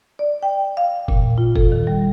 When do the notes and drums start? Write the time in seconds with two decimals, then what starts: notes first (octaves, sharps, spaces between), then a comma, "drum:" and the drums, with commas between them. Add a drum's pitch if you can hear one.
0.19 D5
0.43 G5
0.77 F5
1.08 A#2, drum: kick F1
1.38 F4
1.56 A4, drum: kick F1
1.72 D#3
1.87 G3